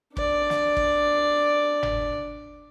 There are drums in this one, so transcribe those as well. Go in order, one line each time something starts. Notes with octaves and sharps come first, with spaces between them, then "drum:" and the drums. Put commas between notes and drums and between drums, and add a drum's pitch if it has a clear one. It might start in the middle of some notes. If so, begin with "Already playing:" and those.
D4 D5, drum: kick
drum: snare
drum: kick
drum: tom G1